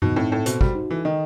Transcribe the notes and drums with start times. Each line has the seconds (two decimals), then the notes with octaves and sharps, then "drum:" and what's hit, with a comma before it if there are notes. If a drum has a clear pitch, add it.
0.02 B2 D#4, drum: tom G2
0.16 A2 C4
0.32 A2 A4
0.46 B2 C5, drum: hi-hat
0.61 G3 F#4, drum: kick
0.75 D#4
0.90 E3 A4
1.05 D#3 D#5